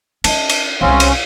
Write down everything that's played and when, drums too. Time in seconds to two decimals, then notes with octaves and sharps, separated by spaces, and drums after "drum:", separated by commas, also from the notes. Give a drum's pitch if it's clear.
0.24 C#4 D#5 A5, drum: cymbal
0.49 drum: cymbal
0.81 D#1 C2 C4 C#4 F5
1.00 drum: cymbal